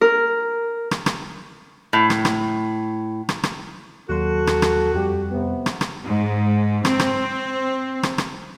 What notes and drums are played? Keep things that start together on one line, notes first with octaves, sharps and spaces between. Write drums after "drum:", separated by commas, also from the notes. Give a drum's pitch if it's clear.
A#4
drum: rim click
drum: rim click
A2
drum: rim click
drum: rim click
drum: rim click
drum: rim click
D#2 F#3 F#4 A4 C6
drum: rim click
drum: rim click
F2 G3 G4
C3 B3
drum: rim click
drum: rim click
G#2
C4, drum: rim click
drum: rim click
drum: rim click
drum: rim click